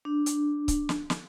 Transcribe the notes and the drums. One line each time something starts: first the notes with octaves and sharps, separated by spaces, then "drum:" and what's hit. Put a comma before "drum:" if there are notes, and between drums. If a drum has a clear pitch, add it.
D4
drum: hi-hat
drum: kick C#1, hi-hat
drum: snare
drum: snare